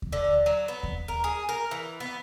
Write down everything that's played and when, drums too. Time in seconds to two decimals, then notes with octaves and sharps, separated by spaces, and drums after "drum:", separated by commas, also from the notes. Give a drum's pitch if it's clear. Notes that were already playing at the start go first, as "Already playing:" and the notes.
0.02 drum: kick D#2
0.12 D3
0.46 F#3
0.68 B3
0.83 drum: kick D#2
1.08 A#4
1.24 G#4
1.49 A#4
1.71 E3
2.00 B3